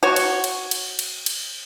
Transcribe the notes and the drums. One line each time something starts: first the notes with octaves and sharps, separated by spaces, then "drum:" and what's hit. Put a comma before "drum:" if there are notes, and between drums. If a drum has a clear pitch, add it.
F#4 C#5
drum: cymbal
drum: cymbal
drum: cymbal
drum: cymbal
drum: cymbal